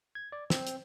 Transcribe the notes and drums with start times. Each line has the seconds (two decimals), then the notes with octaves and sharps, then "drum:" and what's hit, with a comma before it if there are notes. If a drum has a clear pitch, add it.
0.15 G#6
0.32 D5
0.50 C4, drum: snare
0.67 drum: hi-hat